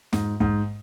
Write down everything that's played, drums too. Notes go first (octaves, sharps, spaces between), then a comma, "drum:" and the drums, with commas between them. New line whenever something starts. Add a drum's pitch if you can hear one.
G#2, drum: snare
G#2, drum: kick